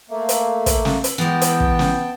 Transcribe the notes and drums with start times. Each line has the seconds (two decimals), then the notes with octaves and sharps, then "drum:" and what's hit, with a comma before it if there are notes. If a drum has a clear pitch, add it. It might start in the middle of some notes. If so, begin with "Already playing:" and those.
0.10 A3 A#3
0.29 drum: hi-hat
0.66 drum: kick, hi-hat
0.85 drum: snare
1.04 drum: hi-hat
1.18 E3 G#3 B3 G5 A5
1.41 drum: hi-hat
1.60 drum: kick
1.79 drum: snare